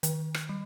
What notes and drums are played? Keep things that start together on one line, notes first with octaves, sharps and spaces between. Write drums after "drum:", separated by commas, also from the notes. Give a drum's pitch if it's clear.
D#3, drum: hi-hat
drum: rim click
G3